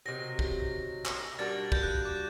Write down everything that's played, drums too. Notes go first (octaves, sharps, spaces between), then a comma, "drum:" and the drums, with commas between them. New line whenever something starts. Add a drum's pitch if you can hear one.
C3 D#3 F#3 A#6
drum: kick
drum: clap
G3 A#3 D4 F#4 A6
G6, drum: kick
F#6
D6